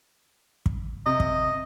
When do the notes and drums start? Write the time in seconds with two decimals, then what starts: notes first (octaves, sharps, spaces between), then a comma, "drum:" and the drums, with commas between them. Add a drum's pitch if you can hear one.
0.66 drum: kick
1.06 C3 D#5
1.20 drum: kick